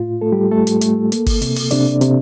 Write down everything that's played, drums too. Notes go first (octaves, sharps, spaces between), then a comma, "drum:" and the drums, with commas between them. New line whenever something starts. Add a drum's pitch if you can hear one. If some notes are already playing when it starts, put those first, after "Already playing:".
Already playing: A2 F4
A3 A4
G3 G4
A3 A4
drum: hi-hat
A3, drum: hi-hat
A#3, drum: hi-hat
drum: kick G1, open hi-hat
C3, drum: hi-hat
drum: open hi-hat
C3 D4 D5, drum: hi-hat
C3, drum: hi-hat